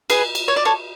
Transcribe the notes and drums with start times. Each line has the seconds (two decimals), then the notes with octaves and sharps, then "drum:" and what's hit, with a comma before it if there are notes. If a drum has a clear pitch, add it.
0.10 G#4 B4, drum: cymbal
0.35 drum: cymbal
0.48 C#5
0.56 D5
0.65 A4 C#5